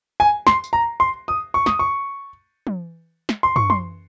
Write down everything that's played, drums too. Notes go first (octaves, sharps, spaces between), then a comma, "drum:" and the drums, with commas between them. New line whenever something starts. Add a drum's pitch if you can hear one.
G#5
C6, drum: snare
drum: tambourine
A#5
C6
D#6
C#6
D#6, drum: snare
C#6
drum: tom
drum: snare
C6
C#6, drum: tom
C6, drum: tom